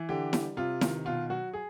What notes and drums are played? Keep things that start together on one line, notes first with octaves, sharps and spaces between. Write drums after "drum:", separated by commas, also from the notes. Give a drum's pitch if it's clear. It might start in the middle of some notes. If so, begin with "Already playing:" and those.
Already playing: E3
D3 G4
G3, drum: snare E4
C3 F4
D#3, drum: snare E4
B2 F4
F#3 F#4
G#4